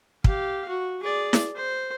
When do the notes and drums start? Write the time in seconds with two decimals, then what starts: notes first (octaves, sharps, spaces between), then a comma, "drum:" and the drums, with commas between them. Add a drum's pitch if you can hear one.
0.24 G4 F5, drum: kick
0.68 F#4
1.03 G#4 D5
1.33 drum: snare E4
1.56 C5